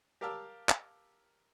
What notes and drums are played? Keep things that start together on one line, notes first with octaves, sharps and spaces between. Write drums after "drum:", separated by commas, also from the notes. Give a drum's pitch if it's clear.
G4 A#4 F5 A5 E6 F6
drum: clap